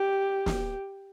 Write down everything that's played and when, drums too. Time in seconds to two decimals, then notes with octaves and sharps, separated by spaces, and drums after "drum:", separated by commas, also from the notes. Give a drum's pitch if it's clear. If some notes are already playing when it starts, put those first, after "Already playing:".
Already playing: G4
0.46 drum: snare